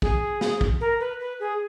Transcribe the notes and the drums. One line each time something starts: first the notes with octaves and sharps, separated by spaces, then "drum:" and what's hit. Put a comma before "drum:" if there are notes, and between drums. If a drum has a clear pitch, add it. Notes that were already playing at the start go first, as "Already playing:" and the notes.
G#4, drum: kick
drum: snare
drum: kick
A#4
B4
B4
G#4